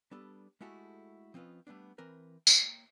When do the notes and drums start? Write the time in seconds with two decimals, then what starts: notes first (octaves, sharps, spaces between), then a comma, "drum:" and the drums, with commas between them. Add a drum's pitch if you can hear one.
0.11 G3 B3 D4 A4
0.61 G#3 A3 E4 F#4 G4 A4
1.34 F3 C4 C#4 F4 B4 D#5
1.67 G3 A3 B3 D4
1.98 E3 C4 A#4 B4
2.47 A#3 C#5 G5, drum: tambourine